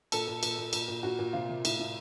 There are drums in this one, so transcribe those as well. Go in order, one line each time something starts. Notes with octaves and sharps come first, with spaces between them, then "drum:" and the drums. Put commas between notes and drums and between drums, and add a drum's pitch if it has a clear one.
A#2 A4, drum: cymbal
A#2
A#2, drum: cymbal
A#2
A#2, drum: cymbal
A#2
A#2 F#4
A#2
C3 F4
C3
A2, drum: cymbal
A2